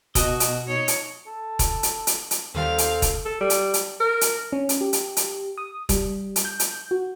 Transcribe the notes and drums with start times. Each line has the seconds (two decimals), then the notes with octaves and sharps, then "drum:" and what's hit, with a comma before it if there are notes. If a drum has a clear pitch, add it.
0.15 B2 F#4 D#5, drum: kick E1, hi-hat
0.40 drum: hi-hat
0.68 D#4 C#5
0.88 drum: hi-hat
1.27 A4
1.59 drum: kick E1, hi-hat
1.83 drum: hi-hat
2.07 drum: hi-hat
2.31 drum: hi-hat
2.55 D#2 D#3 G3 C4 A4 F5
2.78 drum: hi-hat
3.02 drum: kick E1, hi-hat
3.26 A4
3.41 G3
3.50 drum: hi-hat
3.74 drum: hi-hat
4.00 A#4
4.21 drum: hi-hat
4.53 C#4
4.69 drum: hi-hat
4.81 G4
4.93 drum: hi-hat
5.17 drum: hi-hat
5.58 D#6
5.89 G3, drum: kick E1, hi-hat
6.36 drum: hi-hat
6.45 G6
6.59 drum: hi-hat
6.91 F#4